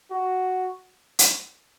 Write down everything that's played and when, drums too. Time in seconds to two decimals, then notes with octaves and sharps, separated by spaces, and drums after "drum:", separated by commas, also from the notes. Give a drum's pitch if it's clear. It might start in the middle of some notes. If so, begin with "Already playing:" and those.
0.11 F#4
1.19 drum: hi-hat